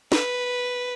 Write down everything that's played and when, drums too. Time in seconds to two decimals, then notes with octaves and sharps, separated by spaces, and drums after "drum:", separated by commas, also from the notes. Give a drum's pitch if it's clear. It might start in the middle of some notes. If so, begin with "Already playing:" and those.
0.12 B4, drum: snare